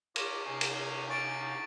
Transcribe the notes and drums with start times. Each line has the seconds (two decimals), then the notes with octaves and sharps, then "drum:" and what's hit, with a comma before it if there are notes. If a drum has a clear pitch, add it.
0.16 F4 G4 C#5 D#5, drum: cymbal
0.46 C3 C#4 D#4 F5 G#5 C#6
0.61 drum: cymbal
1.10 C#6 A6 D7